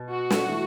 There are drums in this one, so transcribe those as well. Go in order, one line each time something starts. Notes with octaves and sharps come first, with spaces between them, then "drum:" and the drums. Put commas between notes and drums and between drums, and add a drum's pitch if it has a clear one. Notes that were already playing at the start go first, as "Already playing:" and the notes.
Already playing: B2
F#4
drum: snare
E3 A3